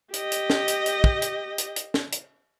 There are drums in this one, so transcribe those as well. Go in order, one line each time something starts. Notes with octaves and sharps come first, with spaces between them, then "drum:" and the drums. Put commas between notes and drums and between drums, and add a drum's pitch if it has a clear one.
G4 D#5, drum: hi-hat
drum: hi-hat
drum: snare
drum: hi-hat
drum: hi-hat
drum: kick
drum: hi-hat
drum: hi-hat
drum: hi-hat
drum: snare
drum: hi-hat